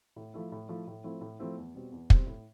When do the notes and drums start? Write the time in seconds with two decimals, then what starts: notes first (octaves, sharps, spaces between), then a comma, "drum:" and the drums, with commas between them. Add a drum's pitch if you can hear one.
0.16 A2
0.34 F3 A3 E4
0.52 A2
0.69 F3 A3 E4
0.87 A2
1.04 F3 A3 C4 E4
1.21 A2
1.39 F3 A3 C4 E4
1.57 E2
1.75 B2 G3 C4
1.92 E2
2.10 B2 G3 C4, drum: kick
2.27 A2